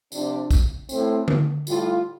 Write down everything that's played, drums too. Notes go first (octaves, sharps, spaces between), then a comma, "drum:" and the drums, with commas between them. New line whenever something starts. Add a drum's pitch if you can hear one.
C3 F3 D4, drum: tambourine
drum: kick, tambourine
A2 A3 C4, drum: tambourine
drum: tom D3
A2 G3 F4, drum: tambourine